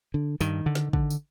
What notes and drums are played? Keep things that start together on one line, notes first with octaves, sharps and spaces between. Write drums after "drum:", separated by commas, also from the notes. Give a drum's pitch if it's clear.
D3
G2 D#3, drum: tambourine
D3
drum: snare
D3, drum: kick
drum: tambourine